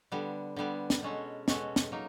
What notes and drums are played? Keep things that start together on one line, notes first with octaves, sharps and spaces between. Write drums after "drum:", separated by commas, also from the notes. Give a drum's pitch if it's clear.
D3 G3 B3
D3 G3 B3
drum: snare
B2 G#3 C#4 F#4 A4
B2 G#3 C#4 F#4 A4, drum: snare
drum: snare
F#3 A#3 D#4